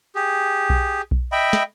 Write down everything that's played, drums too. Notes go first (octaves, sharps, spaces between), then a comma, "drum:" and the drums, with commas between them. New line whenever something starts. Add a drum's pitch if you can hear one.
G4 G#4
drum: kick B1
drum: kick B1
D#5 E5 G5 B5
drum: snare